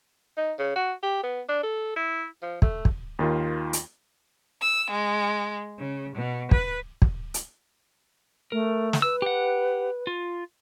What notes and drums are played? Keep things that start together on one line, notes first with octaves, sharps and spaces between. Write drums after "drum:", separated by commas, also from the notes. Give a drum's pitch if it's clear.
D#4
C#3
F#4
G4
B3
D4
A4
E4
F3
A3, drum: kick
drum: kick
D#2 D#3 F4
drum: hi-hat
E6
G#3
C#3
B2
B4, drum: kick
drum: kick
drum: hi-hat
A3 A#4
drum: snare
B4 E6
G4 F#5
F4